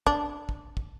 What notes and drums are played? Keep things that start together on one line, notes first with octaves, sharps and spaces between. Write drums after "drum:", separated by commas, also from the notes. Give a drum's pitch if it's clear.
D4, drum: kick
drum: kick
drum: kick